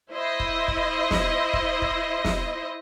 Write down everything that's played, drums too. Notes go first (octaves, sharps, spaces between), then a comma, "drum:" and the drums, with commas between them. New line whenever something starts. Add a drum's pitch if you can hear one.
E4 C5 D#5
drum: kick
drum: kick
drum: snare
drum: kick
drum: kick
drum: snare